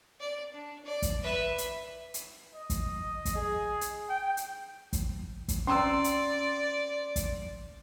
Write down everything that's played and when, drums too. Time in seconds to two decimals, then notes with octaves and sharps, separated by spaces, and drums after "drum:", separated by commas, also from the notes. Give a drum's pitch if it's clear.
0.20 D5
0.53 D4
0.85 D5
1.02 drum: kick, hi-hat
1.23 B4 E5
1.58 drum: hi-hat
2.14 drum: hi-hat
2.55 D#5
2.70 drum: kick, hi-hat
3.25 drum: kick, hi-hat
3.35 G#4
3.81 drum: hi-hat
4.09 G5
4.37 drum: hi-hat
4.93 drum: kick, hi-hat
5.48 drum: kick, hi-hat
5.67 C#4 D5 A#5 C6 E6
6.04 drum: hi-hat
7.16 drum: kick, hi-hat